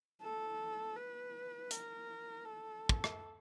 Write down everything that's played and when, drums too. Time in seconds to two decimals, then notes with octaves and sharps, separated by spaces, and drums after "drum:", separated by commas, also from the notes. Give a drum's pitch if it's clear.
0.22 A4
0.96 B4
1.71 A#4, drum: hi-hat
2.45 A4
2.89 drum: kick
3.04 drum: rim click